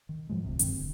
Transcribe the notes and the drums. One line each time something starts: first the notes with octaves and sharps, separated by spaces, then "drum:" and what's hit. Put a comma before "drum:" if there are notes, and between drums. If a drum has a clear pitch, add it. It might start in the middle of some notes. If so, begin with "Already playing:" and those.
D#3
A2 F3 F#3 G#3
D#1 D2 C3
D1 G2 D#3 C4, drum: hi-hat
D#1 D3